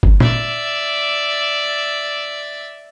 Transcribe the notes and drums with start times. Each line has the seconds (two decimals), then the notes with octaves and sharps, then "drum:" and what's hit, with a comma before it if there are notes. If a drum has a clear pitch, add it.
0.03 drum: kick F#1
0.20 D5 E5, drum: tom